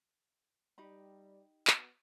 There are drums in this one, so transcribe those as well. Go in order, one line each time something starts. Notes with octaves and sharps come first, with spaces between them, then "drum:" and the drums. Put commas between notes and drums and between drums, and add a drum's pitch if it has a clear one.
G3 D#4 G4 B5
B3 F#4, drum: clap